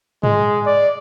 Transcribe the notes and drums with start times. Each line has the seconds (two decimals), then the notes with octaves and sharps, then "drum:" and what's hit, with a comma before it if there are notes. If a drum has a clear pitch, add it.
0.23 G#3, drum: tom G#2
0.66 D5